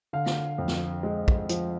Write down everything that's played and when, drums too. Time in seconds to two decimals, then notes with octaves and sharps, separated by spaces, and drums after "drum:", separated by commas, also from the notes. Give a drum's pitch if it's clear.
0.13 D3 F5
0.26 drum: snare
0.58 F2
0.68 drum: snare
1.03 G#3
1.28 drum: kick
1.49 F3, drum: hi-hat